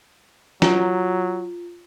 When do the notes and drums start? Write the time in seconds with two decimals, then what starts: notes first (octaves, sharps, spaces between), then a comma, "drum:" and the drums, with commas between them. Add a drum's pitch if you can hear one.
0.62 F#3 F4, drum: snare